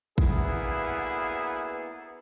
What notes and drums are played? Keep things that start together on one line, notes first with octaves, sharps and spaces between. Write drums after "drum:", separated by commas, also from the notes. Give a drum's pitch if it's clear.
D2 A#3 B3 E4 G#4 B4, drum: kick